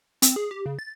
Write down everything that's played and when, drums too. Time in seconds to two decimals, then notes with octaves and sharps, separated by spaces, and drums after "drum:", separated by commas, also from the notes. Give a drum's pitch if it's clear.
0.22 C4, drum: hi-hat
0.36 G#4
0.51 G4
0.66 C#3
0.79 A6